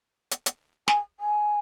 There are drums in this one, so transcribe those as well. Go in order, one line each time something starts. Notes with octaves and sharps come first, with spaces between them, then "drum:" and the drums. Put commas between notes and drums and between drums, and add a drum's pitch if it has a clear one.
drum: hi-hat
drum: hi-hat
G#5, drum: snare
G#5